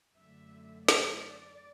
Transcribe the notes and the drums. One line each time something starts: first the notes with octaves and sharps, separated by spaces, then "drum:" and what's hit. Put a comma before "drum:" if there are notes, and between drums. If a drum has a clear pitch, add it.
F#2 D3 A3 E5
D5, drum: snare